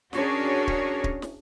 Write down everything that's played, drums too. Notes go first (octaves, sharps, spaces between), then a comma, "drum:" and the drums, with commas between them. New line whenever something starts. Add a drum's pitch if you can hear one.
C#4 D4 F#4 G#4 A#4 C#5, drum: snare
drum: kick
drum: kick
drum: snare